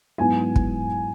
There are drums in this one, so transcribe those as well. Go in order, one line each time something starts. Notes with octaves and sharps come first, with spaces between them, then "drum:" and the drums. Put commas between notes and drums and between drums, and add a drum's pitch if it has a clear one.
G#2 F#3 B3 E4 G#5
drum: kick